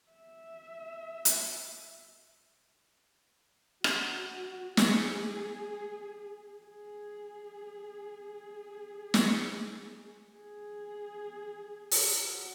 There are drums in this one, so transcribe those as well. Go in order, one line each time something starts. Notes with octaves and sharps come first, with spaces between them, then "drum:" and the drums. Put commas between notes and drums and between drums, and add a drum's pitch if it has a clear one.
E5
drum: hi-hat
F#4, drum: rim click
G#4, drum: snare
G#4
drum: snare
G#4
drum: open hi-hat
F#4